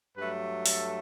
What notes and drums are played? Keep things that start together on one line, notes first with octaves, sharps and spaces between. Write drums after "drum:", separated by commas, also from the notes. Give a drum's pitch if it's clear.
G2 F#3 A3 B4
A4, drum: open hi-hat